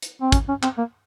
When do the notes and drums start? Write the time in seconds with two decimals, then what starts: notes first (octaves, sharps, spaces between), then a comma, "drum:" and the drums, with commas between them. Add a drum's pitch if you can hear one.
0.02 drum: hi-hat
0.22 C4
0.32 C#4, drum: kick, hi-hat
0.48 C#4
0.63 C4, drum: clap
0.78 A#3